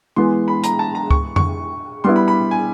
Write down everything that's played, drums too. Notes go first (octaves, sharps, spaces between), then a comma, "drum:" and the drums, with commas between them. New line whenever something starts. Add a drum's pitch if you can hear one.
E3 G#3 B3 C6
B5
A#5, drum: hi-hat
A5
A#5
C#6, drum: kick C#2
C#6, drum: tom F2
G3 B3 E4 C6
B5
B5
G#5